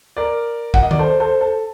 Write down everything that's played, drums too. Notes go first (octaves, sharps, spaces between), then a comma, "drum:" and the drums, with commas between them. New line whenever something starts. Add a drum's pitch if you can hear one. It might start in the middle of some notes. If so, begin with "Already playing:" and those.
A#4 D5
F#5, drum: kick
D#5
D5, drum: tom D#3
A4 C5
A4 C5
A4